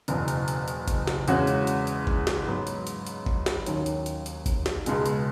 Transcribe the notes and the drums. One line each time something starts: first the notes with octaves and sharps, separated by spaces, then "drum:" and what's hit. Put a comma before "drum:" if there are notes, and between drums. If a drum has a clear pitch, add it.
F#1 E2 B2, drum: hi-hat
drum: hi-hat
drum: hi-hat
drum: hi-hat
drum: kick G#1, hi-hat
drum: snare
E2 C#3 G#3 C#4 F#4, drum: hi-hat
drum: hi-hat
drum: hi-hat
drum: hi-hat
drum: kick G#1
drum: snare
G#2 F#3 B3
drum: hi-hat
drum: hi-hat
drum: hi-hat
drum: kick G#1
drum: snare
D#2 D#3 F#3 C#4, drum: hi-hat
drum: hi-hat
drum: hi-hat
drum: hi-hat
drum: kick G#1, hi-hat
drum: snare
C#2 B2 G#3, drum: hi-hat
drum: hi-hat